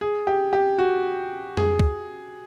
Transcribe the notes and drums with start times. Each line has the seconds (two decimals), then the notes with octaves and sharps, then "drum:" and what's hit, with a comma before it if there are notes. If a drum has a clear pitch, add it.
0.01 G#4
0.27 G4
0.53 G4
0.78 F#4
1.57 G#4, drum: tom F2
1.79 drum: kick